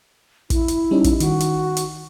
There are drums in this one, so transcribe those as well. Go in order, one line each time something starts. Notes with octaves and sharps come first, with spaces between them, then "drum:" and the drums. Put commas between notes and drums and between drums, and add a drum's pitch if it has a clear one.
E4, drum: kick, hi-hat
drum: hi-hat
G3 C#4 D#4
drum: kick, hi-hat
D#3 F#4, drum: hi-hat
drum: hi-hat
drum: hi-hat